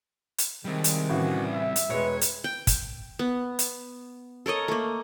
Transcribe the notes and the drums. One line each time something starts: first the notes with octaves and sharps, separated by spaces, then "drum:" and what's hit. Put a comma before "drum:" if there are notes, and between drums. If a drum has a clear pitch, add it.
drum: hi-hat
D#3 G3 G#3 C4
drum: hi-hat
A2 C#3 E3 F#4
E5
drum: hi-hat
E1 G#3 B4 C#5
drum: hi-hat
G5
drum: kick, hi-hat
B3
drum: hi-hat
A4 A#4 C#5 D#5
A3 A#3